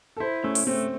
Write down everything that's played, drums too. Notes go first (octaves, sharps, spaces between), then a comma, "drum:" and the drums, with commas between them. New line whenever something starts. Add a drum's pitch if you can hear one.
A4
E4 C5
A3 C#4
drum: open hi-hat
A3 C4